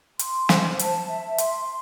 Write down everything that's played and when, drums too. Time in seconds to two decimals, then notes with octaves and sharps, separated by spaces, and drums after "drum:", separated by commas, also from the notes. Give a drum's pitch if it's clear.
0.19 C6, drum: hi-hat
0.49 C5, drum: snare
0.79 A5, drum: hi-hat
1.09 E5
1.38 C6, drum: hi-hat